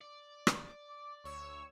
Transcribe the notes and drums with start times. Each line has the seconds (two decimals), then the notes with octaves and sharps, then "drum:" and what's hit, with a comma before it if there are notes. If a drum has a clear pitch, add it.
0.01 D5
0.47 drum: rim click
0.89 D6
1.24 D2 C#5 C#6 E6